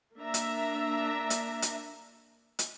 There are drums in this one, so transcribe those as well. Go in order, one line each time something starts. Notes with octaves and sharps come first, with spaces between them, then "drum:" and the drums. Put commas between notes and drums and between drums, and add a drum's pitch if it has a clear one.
A#3 D4 E5 A#5
drum: hi-hat
drum: hi-hat
drum: hi-hat
drum: hi-hat